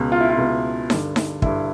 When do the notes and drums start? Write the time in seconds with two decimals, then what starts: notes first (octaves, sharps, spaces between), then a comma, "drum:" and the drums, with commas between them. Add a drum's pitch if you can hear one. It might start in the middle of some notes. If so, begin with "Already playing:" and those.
Already playing: C#2 B2
0.12 F4
0.20 E4
0.29 F4
0.38 C#2 B2
0.90 G2 D3, drum: snare D#4
1.16 drum: snare D#4
1.42 G2 D3 E4, drum: kick